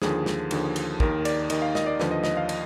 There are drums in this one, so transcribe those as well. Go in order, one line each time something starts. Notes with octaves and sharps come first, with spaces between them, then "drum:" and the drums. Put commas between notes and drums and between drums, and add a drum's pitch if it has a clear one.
D#2 D3 F3 G#4, drum: snare
drum: snare
D#2 D3 F3, drum: cymbal
drum: cymbal
D#2 D#3 A#4, drum: kick
D5, drum: cymbal
D#2 D#3 D#5, drum: cymbal
F5
D#5, drum: snare
D5
D#2 D3 F3 B4, drum: snare
D#5
D#5, drum: snare
F5
D#5, drum: cymbal